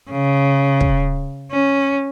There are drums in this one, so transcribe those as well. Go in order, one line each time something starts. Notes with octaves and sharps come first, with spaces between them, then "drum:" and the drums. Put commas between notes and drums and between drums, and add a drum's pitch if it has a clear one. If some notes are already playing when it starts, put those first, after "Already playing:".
C#3
drum: kick
C#4